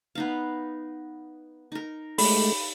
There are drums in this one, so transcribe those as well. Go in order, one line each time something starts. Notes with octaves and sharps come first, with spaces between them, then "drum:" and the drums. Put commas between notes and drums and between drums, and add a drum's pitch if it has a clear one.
B3 D#4 F5
D#4 A#4
G#3 A3 G4 B5, drum: open hi-hat